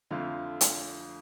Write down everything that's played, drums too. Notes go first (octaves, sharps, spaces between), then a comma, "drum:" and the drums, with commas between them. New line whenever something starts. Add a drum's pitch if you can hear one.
F2 D3 A3 F4
drum: hi-hat